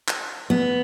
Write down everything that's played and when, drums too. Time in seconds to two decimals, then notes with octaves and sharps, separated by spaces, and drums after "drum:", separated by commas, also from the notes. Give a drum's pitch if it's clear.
0.08 drum: clap
0.50 B3